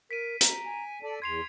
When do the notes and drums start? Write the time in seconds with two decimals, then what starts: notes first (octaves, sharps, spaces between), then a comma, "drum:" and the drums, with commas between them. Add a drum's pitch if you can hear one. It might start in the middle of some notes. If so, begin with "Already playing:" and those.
0.11 A#4 B6 D7 D#7
0.41 A#5, drum: hi-hat
0.66 G#5
1.03 A4 D5 A5
1.22 E2 C6 G#6 C7 F7